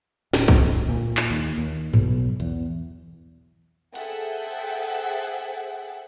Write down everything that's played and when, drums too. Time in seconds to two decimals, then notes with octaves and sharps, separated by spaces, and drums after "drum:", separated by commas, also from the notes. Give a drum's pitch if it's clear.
0.33 D1, drum: snare
0.48 drum: kick
0.89 A#2
1.17 drum: clap
1.31 D#2
1.58 D#2
1.94 B1, drum: tom G2
2.40 E2, drum: hi-hat
3.95 G#4 A4 C5 E5 F#5 G5, drum: hi-hat